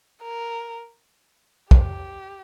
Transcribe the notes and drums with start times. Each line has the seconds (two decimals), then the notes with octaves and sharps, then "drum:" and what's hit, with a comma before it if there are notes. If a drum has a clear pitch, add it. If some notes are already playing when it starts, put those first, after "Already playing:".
0.22 A#4
1.71 G4, drum: kick